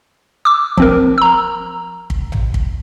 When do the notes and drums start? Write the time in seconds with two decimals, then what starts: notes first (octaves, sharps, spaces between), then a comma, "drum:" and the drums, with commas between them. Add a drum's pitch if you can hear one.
0.45 D6 E6
0.78 F3 C4 A#4, drum: kick
1.18 A#5 E6
2.10 drum: kick
2.32 drum: tom A1
2.54 drum: kick